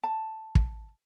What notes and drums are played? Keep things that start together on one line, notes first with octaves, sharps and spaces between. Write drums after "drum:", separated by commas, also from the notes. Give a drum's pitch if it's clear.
A5
drum: kick